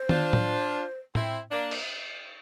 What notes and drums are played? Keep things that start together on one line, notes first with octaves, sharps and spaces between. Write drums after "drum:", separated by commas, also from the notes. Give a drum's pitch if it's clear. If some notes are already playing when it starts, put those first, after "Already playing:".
Already playing: C5
D4 F4, drum: tom D#3
drum: tom A2
C4 E4, drum: tom A2
A#3 D4
drum: cymbal